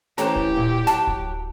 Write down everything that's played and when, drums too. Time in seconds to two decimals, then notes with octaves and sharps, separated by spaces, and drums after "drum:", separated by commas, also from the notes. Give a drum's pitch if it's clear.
0.18 E3 A3 C#4 G4 C5 A#5, drum: snare
0.36 drum: kick D1
0.56 A#2
0.87 F#3 A5, drum: snare
1.07 drum: kick D1